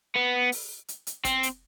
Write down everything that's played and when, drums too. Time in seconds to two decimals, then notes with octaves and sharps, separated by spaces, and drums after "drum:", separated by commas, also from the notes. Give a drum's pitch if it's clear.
0.16 B3
0.52 drum: open hi-hat
0.88 drum: hi-hat
1.07 drum: hi-hat
1.25 C4, drum: kick, hi-hat
1.43 drum: hi-hat